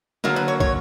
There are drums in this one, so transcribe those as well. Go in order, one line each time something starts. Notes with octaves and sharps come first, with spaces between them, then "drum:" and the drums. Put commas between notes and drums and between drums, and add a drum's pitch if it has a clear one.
D3 F#3 A#3 A#4, drum: snare
B4
C#5
C#5, drum: kick